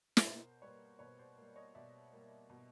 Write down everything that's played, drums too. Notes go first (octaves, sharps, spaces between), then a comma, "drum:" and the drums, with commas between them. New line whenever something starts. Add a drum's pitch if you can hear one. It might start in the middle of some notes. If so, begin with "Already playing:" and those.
C#5, drum: snare
B2 A#4 C5
G3 A#3 B4 C#5
B2 B4 C#5
C5 D5
G3 A#3
C#5 D#5
B2 D5 E5
G3 A#3
B2